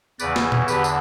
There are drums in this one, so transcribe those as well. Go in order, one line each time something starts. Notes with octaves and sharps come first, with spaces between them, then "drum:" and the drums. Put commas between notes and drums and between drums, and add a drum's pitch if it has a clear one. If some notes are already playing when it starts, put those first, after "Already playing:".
E2 C#3 E3 B4 D5, drum: tambourine
drum: snare
drum: tom A#2
E2 D3 G4 B4, drum: tambourine
drum: tambourine